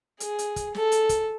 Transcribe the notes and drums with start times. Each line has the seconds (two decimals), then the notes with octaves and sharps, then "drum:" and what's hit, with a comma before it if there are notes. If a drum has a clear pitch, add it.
0.20 G#4, drum: hi-hat
0.39 drum: hi-hat
0.56 drum: kick, hi-hat
0.75 A4, drum: snare
0.92 drum: hi-hat
1.09 drum: kick, hi-hat